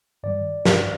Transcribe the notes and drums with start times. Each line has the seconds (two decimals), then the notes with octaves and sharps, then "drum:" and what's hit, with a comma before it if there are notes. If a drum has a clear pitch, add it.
0.23 G2 D#3 G3 D5
0.65 G2 D#3 G3, drum: snare